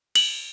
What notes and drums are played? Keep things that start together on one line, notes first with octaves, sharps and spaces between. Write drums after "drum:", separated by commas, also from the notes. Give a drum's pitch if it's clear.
F#7, drum: cymbal